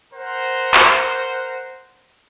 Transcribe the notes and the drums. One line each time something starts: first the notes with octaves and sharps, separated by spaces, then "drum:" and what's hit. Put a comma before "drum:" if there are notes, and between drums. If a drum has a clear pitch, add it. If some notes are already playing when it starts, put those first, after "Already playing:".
A#4 C5 F#5
drum: clap